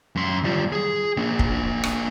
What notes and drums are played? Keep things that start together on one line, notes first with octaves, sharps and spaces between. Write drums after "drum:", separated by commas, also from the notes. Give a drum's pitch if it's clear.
F#2 C6
G3 F4
G#4
A#3 D4
drum: kick
drum: rim click